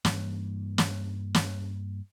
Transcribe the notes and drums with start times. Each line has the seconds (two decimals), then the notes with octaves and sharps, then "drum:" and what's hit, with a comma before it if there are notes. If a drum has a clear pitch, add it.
0.05 G2 E3 A#3, drum: snare
0.78 drum: snare
1.35 drum: snare